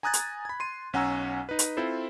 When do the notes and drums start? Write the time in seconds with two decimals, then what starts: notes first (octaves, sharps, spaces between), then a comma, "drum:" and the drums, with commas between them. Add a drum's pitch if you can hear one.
0.03 G#5 A#5 D#6 F#6 G#6 A6
0.13 drum: hi-hat
0.45 B5 G#6
0.60 C6 D#7
0.93 B1 C#4 F#5 G#5 A#5 E6
1.49 D#4 B4
1.59 drum: hi-hat
1.77 C4 E4 F4 A4 C5